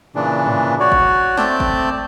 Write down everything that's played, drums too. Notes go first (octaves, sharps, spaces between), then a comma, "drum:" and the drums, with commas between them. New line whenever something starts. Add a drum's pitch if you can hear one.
A#2 C#3 E3 D4
drum: tom
F#4 C#5 D5
drum: kick
A3 C4 D5 A5 G6, drum: snare
drum: kick